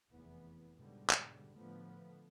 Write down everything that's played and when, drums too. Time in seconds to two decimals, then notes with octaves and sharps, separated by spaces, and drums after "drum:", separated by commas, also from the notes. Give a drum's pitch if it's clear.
0.11 F1 E2 E3 B3
0.73 C#2 G#2 B2 D3 G3
1.10 drum: clap
1.56 A2 D3 F3 A3 B3